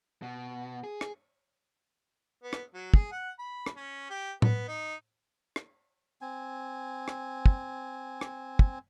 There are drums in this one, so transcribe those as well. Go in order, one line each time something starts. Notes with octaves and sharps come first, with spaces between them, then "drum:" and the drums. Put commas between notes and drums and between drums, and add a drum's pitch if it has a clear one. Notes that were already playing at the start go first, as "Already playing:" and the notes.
B2
G#4
drum: rim click
B3
drum: rim click
F#3
G#4, drum: kick
F#5
B5
drum: rim click
C#4
G4
B3, drum: tom A2
D#4
drum: rim click
C4 G#5
drum: rim click
drum: kick
drum: rim click
drum: kick